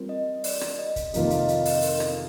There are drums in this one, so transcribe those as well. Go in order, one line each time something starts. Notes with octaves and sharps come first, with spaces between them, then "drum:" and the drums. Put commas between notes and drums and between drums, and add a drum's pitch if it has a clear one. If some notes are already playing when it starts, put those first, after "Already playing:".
Already playing: G3 C4 F4 A#4
D#5
D5, drum: open hi-hat
drum: rim click
D#5
drum: kick, hi-hat
F2 C3 D#3 A#3 F4 D#5, drum: hi-hat
F5, drum: hi-hat
D#5
F5, drum: hi-hat
D#5, drum: open hi-hat
A#4, drum: open hi-hat
drum: rim click